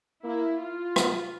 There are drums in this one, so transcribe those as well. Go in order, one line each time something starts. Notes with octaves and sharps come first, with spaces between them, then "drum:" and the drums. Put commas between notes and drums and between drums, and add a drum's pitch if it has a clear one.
A#3 E4
F4
B3, drum: rim click